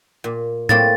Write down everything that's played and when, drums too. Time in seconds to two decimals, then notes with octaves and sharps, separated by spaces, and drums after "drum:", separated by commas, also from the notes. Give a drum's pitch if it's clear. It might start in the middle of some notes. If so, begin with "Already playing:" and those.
0.24 A#2
0.69 A2 A#3 C4 A6, drum: tom A2